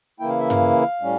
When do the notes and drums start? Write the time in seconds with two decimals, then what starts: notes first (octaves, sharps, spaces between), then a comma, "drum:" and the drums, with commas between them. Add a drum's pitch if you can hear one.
0.20 C#3 E3 A#3 E4 G5
0.29 F5
0.39 E5
0.50 F5, drum: tom G2
1.00 A2 G3 C#4